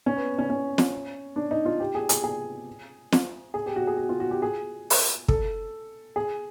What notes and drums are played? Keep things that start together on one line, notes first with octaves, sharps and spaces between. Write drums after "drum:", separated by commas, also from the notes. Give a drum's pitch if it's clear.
C#4
B3
C#4
C#4
drum: snare
D4
D#4
F4
G4
G#4
G#4, drum: hi-hat
G#4
drum: snare
G#4
G4
F#4
G#4
F#4
F4
F#4
G4
G#4
drum: open hi-hat
A4, drum: kick
G#4